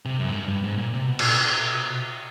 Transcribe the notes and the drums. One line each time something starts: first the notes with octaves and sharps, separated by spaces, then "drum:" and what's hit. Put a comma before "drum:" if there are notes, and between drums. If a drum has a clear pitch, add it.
C3
F#2
G#2
G2
G2
G#2
A#2
C3
B2
A#2, drum: cymbal
B2